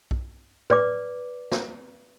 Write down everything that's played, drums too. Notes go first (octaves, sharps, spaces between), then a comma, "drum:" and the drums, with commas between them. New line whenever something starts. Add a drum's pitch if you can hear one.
drum: kick B1
B4 D5 D6, drum: tom A2
drum: snare